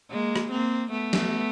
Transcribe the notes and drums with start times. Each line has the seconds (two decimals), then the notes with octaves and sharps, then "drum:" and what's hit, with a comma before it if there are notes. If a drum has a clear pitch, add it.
0.10 G#3 A#3
0.36 drum: rim click
0.51 A#3 C4
0.91 A3 B3
1.13 drum: snare